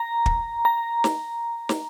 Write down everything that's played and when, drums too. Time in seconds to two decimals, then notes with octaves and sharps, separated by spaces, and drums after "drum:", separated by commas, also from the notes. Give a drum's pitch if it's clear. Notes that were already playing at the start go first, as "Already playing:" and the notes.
Already playing: A#5
0.26 drum: kick
0.65 A#5
1.04 drum: snare
1.69 drum: snare